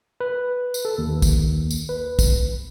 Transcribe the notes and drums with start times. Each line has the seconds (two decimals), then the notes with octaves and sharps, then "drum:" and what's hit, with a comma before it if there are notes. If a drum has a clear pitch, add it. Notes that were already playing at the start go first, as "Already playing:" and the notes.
0.20 B4
0.74 drum: tambourine
0.85 A4
0.98 D#2
1.22 drum: kick, tambourine
1.71 drum: tambourine
1.89 B4
2.19 drum: kick, tambourine